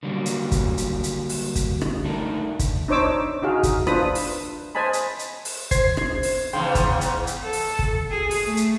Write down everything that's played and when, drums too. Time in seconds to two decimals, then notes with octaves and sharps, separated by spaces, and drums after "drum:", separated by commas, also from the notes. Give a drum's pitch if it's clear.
0.03 D3 F#3 G3 A#3
0.26 drum: hi-hat
0.52 drum: kick, hi-hat
0.78 drum: hi-hat
1.04 drum: hi-hat
1.29 drum: open hi-hat
1.55 drum: kick, hi-hat
1.81 drum: rim click
2.04 A3 D4 D#4 A#4
2.59 drum: kick, hi-hat
2.88 D4 D#4 C5 C#5 D6 E6
3.43 D#4 F#4 G#4 F5
3.63 drum: kick, hi-hat
3.87 D4 F4 B4 C5 B5 D#6, drum: rim click
4.15 drum: open hi-hat
4.75 C5 D#5 G#5 A5 B5
4.93 drum: hi-hat
5.19 drum: hi-hat
5.45 drum: open hi-hat
5.71 C5 G#6 C7, drum: kick, hi-hat
5.97 drum: rim click
6.23 drum: open hi-hat
6.53 E2 G#2 C#3 G5 C6
6.75 drum: kick, hi-hat
7.01 drum: hi-hat
7.27 drum: hi-hat
7.43 A4
7.53 drum: open hi-hat
7.79 drum: kick
8.10 G#4
8.31 drum: open hi-hat
8.45 A3
8.57 drum: hi-hat